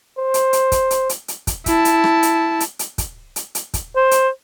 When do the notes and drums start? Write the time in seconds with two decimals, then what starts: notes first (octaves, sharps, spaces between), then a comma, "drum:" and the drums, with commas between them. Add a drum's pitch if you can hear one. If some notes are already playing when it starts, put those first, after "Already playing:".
0.19 C5
0.34 drum: hi-hat
0.53 drum: hi-hat
0.72 drum: kick, hi-hat
0.91 drum: hi-hat
1.09 drum: hi-hat
1.28 drum: hi-hat
1.47 drum: kick, hi-hat
1.66 E4 A5, drum: kick, hi-hat
1.85 drum: hi-hat
2.04 drum: rim click
2.23 drum: hi-hat
2.60 drum: hi-hat
2.79 drum: hi-hat
2.98 drum: kick, hi-hat
3.36 drum: hi-hat
3.55 drum: hi-hat
3.74 drum: kick, hi-hat
3.96 C5
4.11 drum: hi-hat